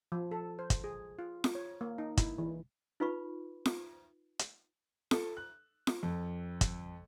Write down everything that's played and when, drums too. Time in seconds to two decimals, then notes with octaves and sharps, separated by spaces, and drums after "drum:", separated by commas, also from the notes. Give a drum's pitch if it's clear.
0.12 F3
0.31 A4
0.59 C5
0.70 drum: kick, hi-hat
0.84 G#4
1.19 F4
1.44 drum: snare F4
1.55 C#5
1.81 A#3
1.98 D#4
2.17 E4, drum: kick, hi-hat
2.38 E3
3.00 D#4 F4 B4 B5 C#6
3.66 drum: snare F4
4.39 drum: hi-hat
5.11 A4, drum: snare F4
5.37 F#6
5.87 drum: snare F4
6.03 F2
6.61 drum: kick, hi-hat